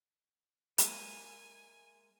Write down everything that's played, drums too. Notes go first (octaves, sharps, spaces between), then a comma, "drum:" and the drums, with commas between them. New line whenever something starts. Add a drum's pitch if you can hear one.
G#3 A#3 E5 G#5, drum: hi-hat